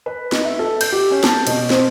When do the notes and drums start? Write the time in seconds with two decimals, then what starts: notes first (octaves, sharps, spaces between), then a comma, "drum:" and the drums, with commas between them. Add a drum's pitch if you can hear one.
0.06 B4
0.32 D#4, drum: snare
0.45 E5
0.59 A4
0.81 G6, drum: cymbal
0.92 G4
1.10 C#4
1.24 A5, drum: snare
1.47 B2, drum: cymbal
1.70 C4, drum: snare